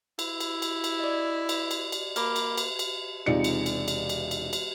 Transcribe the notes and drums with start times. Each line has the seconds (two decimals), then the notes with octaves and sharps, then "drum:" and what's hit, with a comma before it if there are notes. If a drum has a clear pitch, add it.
0.19 E4, drum: cymbal
0.40 drum: cymbal
0.62 drum: cymbal
0.84 drum: cymbal
1.00 D5 D#5
1.49 drum: cymbal
1.71 drum: cymbal
1.92 drum: cymbal
2.16 A#3 B5 D6 F6, drum: cymbal
2.36 drum: cymbal
2.57 drum: cymbal
2.79 drum: cymbal
3.26 E1 C3 D#4 F4 D5 C#7
3.44 drum: cymbal
3.66 drum: cymbal
3.88 drum: cymbal
4.09 drum: cymbal
4.31 drum: cymbal
4.53 drum: cymbal